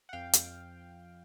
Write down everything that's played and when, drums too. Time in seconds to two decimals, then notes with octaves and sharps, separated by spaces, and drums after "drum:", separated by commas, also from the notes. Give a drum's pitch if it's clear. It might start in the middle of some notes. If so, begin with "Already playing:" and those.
0.09 F#5
0.13 F2 F5 G5
0.33 F2, drum: hi-hat